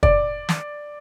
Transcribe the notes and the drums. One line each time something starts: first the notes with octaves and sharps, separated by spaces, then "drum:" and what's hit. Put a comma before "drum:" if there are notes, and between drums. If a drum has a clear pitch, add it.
D5, drum: kick
drum: snare